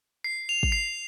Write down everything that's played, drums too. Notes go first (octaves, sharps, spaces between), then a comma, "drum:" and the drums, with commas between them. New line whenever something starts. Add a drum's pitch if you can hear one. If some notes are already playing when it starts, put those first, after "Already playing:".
C7
F7
drum: kick
C7